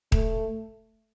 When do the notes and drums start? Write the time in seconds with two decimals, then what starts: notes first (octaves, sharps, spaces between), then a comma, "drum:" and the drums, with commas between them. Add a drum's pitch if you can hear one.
0.12 A3, drum: kick D#1